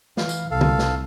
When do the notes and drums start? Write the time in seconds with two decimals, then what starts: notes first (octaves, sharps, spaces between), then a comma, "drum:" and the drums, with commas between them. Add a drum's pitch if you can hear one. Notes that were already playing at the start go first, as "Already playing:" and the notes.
0.17 E3 F5, drum: snare
0.29 drum: tambourine
0.51 C2 A4 F5
0.61 drum: tom C#3
0.79 drum: snare